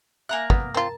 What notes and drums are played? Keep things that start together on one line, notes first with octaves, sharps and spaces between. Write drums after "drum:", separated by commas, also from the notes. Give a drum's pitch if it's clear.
A#3 E5 G#5 A#5 F#6
B3 D#6, drum: kick
C4 F4 A#4 A5 A#5